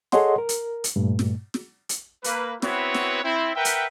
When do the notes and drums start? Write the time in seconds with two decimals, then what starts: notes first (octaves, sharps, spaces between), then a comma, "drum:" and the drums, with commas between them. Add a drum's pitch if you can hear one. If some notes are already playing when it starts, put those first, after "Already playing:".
0.12 G#4 A4 C#5 D#5 F#5 C6, drum: snare
0.38 A#4
0.49 drum: hi-hat
0.84 drum: hi-hat
0.96 G2 A#2 A3
1.19 drum: snare
1.54 drum: snare
1.89 drum: hi-hat
2.24 A#3 B4, drum: hi-hat
2.62 B3 C4 E4 F#4 B4 C#5, drum: snare
2.95 drum: snare
3.24 C4 E4
3.56 A#4 B4 E5 F#5 G5
3.65 drum: hi-hat